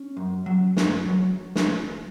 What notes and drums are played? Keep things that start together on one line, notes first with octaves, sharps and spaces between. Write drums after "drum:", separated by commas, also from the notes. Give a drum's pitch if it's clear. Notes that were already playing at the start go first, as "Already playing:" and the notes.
Already playing: C#4
F#2
F#3
F#2, drum: snare
F#3
drum: snare